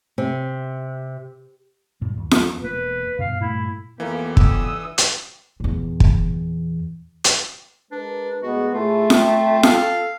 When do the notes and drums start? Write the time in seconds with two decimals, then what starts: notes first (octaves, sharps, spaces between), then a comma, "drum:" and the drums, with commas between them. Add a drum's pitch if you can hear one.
0.18 C3
2.02 G2 A#2
2.18 D#2
2.31 E2 F3 B3, drum: snare F4
2.62 E1 A#3 B4
3.19 G2 B2 F5
3.41 G2 A#2 A3 E4
4.00 F2 E3 A#3 B3 G4
4.37 D4 D#6 E6, drum: kick
4.98 drum: hi-hat
5.60 E2 A#2
6.00 drum: kick
7.24 drum: hi-hat
7.92 G#3 D4 A#4 B4
8.43 A2 D3 G#3 B3 F#4
8.74 A2 A3 E4 F4 G#4
9.10 C4 G5, drum: snare F4
9.63 A4 F5, drum: snare F4